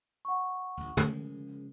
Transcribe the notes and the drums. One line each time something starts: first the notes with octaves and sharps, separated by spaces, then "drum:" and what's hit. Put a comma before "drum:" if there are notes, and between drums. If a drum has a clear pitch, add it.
F#5 C#6
A1 D2
C#3 F3 G#3 A#4, drum: tom